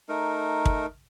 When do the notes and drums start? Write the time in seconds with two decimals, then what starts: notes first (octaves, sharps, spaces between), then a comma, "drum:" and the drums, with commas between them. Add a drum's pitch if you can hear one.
0.09 A3 D#4 A#4
0.65 drum: kick